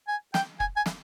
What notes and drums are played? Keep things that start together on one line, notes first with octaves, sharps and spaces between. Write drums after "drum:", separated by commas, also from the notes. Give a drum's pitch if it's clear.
G#5
G5, drum: snare
G#5, drum: kick
G#5
drum: snare